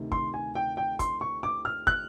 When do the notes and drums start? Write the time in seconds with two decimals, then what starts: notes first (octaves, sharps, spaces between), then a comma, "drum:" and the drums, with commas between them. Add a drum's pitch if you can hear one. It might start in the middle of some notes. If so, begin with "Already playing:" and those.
Already playing: D2 C3 D#3
0.12 C6, drum: kick
0.34 G#5
0.55 G5
0.77 G5
0.99 C6, drum: kick, hi-hat
1.21 C#6
1.43 D6
1.65 F6
1.87 F#6, drum: kick